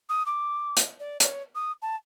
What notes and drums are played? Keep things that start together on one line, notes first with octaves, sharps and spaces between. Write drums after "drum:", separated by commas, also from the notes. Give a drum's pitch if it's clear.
D#6
D6
drum: hi-hat
D5
C#5, drum: hi-hat
D#6
A5